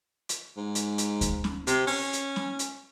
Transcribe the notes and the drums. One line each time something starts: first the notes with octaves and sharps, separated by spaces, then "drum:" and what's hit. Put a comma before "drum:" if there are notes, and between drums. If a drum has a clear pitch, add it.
drum: hi-hat
G#2
drum: hi-hat
drum: hi-hat
drum: kick D2, hi-hat
drum: snare
C3, drum: hi-hat
C#4, drum: open hi-hat
drum: hi-hat
drum: snare
drum: hi-hat